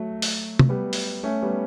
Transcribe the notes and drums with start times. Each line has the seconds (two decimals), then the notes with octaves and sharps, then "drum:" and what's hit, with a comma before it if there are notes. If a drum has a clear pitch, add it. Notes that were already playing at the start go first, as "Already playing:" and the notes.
Already playing: F#3 A3
0.22 drum: open hi-hat
0.59 drum: tom
0.69 G3 B3
0.93 drum: open hi-hat
1.23 A3 C#4
1.42 G3 B3